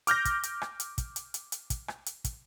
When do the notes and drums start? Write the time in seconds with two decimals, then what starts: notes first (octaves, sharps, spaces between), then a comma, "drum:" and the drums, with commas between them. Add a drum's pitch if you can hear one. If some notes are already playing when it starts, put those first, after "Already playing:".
0.07 D6 F6 G6 A#6, drum: hi-hat
0.25 drum: kick, hi-hat
0.43 drum: hi-hat
0.62 drum: rim click
0.80 drum: hi-hat
0.98 drum: kick, hi-hat
1.16 drum: hi-hat
1.34 drum: hi-hat
1.52 drum: hi-hat
1.70 drum: kick, hi-hat
1.88 drum: rim click
2.06 drum: hi-hat
2.24 drum: kick, hi-hat